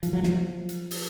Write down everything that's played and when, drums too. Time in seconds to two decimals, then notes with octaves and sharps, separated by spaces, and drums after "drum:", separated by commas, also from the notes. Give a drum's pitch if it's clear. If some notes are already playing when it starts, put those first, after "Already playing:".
0.03 F3, drum: hi-hat
0.13 F#3
0.24 F3, drum: snare
0.69 drum: hi-hat
0.91 drum: open hi-hat